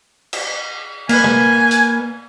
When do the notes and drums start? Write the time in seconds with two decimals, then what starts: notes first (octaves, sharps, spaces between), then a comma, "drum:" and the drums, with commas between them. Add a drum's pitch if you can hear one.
0.33 drum: cymbal
1.09 A#3 B4 G#5, drum: cymbal
1.24 drum: tom
1.71 drum: hi-hat